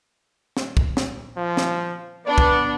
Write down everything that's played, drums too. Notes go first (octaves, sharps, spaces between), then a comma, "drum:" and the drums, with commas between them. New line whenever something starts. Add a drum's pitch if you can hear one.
drum: snare
drum: kick
drum: snare
F3
drum: snare
B3 D4 D5
drum: kick